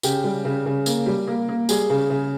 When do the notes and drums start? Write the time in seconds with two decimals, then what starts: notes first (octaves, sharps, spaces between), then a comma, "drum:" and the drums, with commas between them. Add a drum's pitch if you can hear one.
0.03 C#3 G4, drum: tambourine
0.24 G3
0.45 C#3
0.66 C#3
0.86 A#3, drum: tambourine
1.06 G3
1.27 A#3
1.49 A#3
1.69 G3 G#4, drum: tambourine
1.90 C#3
2.10 C#3